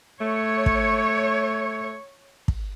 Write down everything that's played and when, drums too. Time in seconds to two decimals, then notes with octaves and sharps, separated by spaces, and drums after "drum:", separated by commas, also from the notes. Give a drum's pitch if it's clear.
0.21 A3 C#5
0.66 drum: kick
2.48 drum: kick